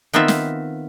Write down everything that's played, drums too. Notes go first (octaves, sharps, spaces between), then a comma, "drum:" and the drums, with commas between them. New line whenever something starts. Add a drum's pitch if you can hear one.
D#3 B3 C4 F4 E5
drum: snare